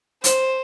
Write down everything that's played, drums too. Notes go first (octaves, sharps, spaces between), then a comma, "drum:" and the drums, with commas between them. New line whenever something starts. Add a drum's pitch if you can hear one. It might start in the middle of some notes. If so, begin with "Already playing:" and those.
C5, drum: hi-hat